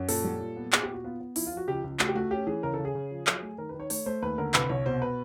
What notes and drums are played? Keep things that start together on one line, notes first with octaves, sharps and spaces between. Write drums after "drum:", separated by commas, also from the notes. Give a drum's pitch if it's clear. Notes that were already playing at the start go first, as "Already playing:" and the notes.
Already playing: F#2
A#2 A4, drum: open hi-hat
G3
A#2
B3
B3 G#4, drum: clap
G4
A#2
F#4
B3 F4
B3
F3 E4, drum: open hi-hat
F4
F3
F#4
C#2 G4
C#2
A3 F#4, drum: clap
G4
A3 F#4
C#4 G4
E3 G#4
C#3 A#4
A4
C#3
G#4
C#3
F3
F#3, drum: clap
A3
D#3 A#4
B4
D#3
C#5
A3 C#5, drum: open hi-hat
A3 C5
D#2 B4
D3 A#4
C2 B4, drum: clap
C2 C#5
B2 C5
B4